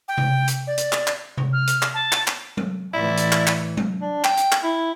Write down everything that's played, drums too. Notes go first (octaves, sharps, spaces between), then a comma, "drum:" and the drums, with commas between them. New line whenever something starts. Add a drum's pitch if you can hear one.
G5
drum: tom C3
drum: hi-hat
D5
drum: hi-hat
drum: clap
drum: clap
drum: tom C3
F6
drum: hi-hat
drum: clap
A5
drum: clap
drum: clap
drum: tom F#3
A2 E3 E4 D5
drum: hi-hat
drum: clap
drum: clap
drum: tom F#3
D4
G5, drum: clap
drum: hi-hat
drum: clap
E4